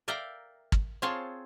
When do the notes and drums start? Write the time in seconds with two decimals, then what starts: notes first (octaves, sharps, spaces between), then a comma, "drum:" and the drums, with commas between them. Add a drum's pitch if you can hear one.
0.08 A#4 D5 E5 F5 G5 A#5
0.72 drum: kick
1.02 C4 F4 G#4 C#5 F5 A5